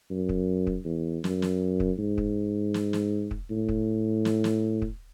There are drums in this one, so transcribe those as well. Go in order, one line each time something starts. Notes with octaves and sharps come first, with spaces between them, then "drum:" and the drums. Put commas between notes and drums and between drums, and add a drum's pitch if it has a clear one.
F#2
drum: kick
drum: kick
E2
F#2, drum: snare
drum: snare
drum: kick
G#2
drum: kick
drum: snare
drum: snare
drum: kick
A2
drum: kick
drum: snare
drum: snare
drum: kick